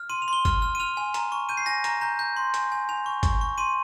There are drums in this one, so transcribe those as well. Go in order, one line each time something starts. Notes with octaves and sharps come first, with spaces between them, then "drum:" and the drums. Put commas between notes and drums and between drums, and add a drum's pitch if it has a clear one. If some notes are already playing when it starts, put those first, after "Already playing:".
Already playing: F6
C6 D#7
F7
C6 G7
F6, drum: kick G1, hi-hat
F6
D#7
F6 F7
G#5
A#5, drum: hi-hat
C#6
G6 D#7
C7
G#5 A#6
A#5 A#6, drum: hi-hat
A#5 G6
G6
C6
G#5, drum: hi-hat
G#5
G#5 F7
C#6
C#6, drum: kick G1, hi-hat
C#6
C6 D#7